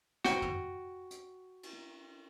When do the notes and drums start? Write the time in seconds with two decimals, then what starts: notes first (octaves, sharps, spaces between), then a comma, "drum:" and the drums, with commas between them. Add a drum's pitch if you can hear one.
0.25 F#4 G5, drum: snare
0.42 drum: tom
1.11 drum: hi-hat
1.63 drum: cymbal